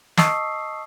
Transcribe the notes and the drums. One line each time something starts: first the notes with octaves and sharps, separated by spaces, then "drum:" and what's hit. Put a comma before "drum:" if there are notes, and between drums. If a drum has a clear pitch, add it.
D#5 A5 C#6 D#6 E6 C7, drum: snare